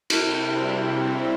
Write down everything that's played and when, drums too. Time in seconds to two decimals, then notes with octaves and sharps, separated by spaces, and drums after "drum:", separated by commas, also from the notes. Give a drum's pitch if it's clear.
0.10 C3 G3 C4 E4, drum: cymbal